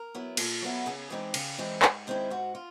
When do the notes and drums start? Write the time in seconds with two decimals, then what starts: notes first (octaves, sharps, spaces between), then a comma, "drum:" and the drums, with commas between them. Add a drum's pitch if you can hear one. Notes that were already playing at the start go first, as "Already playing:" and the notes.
Already playing: A#4
0.15 F#3 B3 E4
0.37 A#2 A4, drum: cymbal
0.62 F#3 B3 E4
0.86 C#3 G#4
1.10 E3 G#3 C4 D#4 G4
1.34 C#3, drum: cymbal
1.58 E3 G#3 C4 D#4
1.82 G#2, drum: clap
2.07 D#3 G#3 C4 E4
2.30 G#2 F#4
2.55 F4